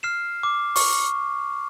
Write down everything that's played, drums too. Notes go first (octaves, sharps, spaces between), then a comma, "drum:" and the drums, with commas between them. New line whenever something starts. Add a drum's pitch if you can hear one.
F6 C7 E7
D6
C#6, drum: open hi-hat